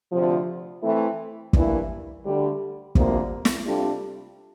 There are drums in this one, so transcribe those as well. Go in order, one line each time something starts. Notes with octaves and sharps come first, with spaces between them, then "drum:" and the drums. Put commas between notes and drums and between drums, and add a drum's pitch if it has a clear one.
D2 C3 F3
E3 A3 C4 E4
G2 E3 A#3 E4, drum: kick
D2 D3 G3
D2 C3 F3 A#3, drum: kick
drum: snare
C3 G3 D4 F4 A4